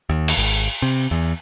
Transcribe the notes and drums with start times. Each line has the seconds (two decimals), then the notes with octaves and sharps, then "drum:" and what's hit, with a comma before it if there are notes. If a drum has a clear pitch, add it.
0.09 D#2
0.28 drum: cymbal
0.37 G#1
0.82 C3
1.11 E2